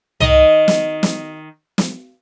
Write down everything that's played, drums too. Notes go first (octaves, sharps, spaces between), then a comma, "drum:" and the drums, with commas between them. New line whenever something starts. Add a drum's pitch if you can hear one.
D#3 D#5, drum: tom C2
drum: snare
drum: snare
drum: snare